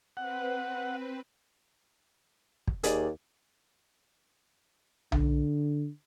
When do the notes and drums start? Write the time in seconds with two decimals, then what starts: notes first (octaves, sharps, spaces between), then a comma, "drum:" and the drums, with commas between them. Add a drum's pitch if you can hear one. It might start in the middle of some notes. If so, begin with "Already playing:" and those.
0.17 C4 B4 F#5
2.67 drum: kick
2.83 D#2 G#4 D5 D#5, drum: hi-hat
5.12 D3, drum: tom B1